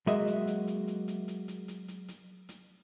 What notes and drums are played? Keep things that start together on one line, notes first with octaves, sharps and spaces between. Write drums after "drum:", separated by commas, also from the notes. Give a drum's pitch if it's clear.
F#3 G#3 A#3 F#4 D#5 E5, drum: hi-hat
drum: hi-hat
drum: hi-hat
drum: hi-hat
drum: hi-hat
drum: hi-hat
drum: hi-hat
drum: hi-hat
drum: hi-hat
drum: hi-hat
drum: hi-hat
drum: hi-hat